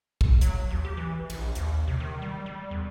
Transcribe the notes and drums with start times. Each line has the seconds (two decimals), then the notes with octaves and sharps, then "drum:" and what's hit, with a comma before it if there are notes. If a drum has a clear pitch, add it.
0.21 drum: kick
0.41 F#3, drum: hi-hat
0.70 D#2
0.85 G4
0.97 E3
1.30 A#1, drum: cymbal
1.55 D#2, drum: hi-hat
1.88 C3
2.00 D#3
2.22 G3
2.46 G3
2.71 E2